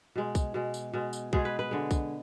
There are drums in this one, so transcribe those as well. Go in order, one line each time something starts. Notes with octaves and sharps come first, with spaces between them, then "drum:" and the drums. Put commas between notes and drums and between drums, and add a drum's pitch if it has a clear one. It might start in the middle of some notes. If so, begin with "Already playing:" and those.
B2 G#3
drum: kick B1, tambourine
B2 G#3
drum: tambourine
B2 G#3
drum: tambourine
B2 G#3 G#4, drum: kick B1
B4
B4
D3 G#3
drum: kick B1, tambourine